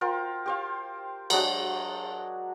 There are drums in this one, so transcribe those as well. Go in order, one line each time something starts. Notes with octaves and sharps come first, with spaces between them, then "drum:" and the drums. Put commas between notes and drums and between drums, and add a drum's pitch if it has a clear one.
F4 A#4 C5 G5
G4 C5 F5
F#3 G#3 D4 F#4, drum: cymbal